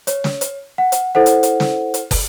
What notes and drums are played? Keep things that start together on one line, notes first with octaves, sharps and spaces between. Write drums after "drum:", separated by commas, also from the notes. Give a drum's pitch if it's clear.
C#5, drum: hi-hat
drum: snare
drum: hi-hat
F#5
drum: hi-hat
E4 A4 C5 F#5
drum: hi-hat
drum: hi-hat
drum: snare
drum: hi-hat
drum: kick, open hi-hat